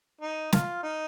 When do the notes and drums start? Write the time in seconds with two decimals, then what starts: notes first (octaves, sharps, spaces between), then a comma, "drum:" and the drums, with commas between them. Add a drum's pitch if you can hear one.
0.21 D#4
0.52 F4, drum: snare
0.83 D#4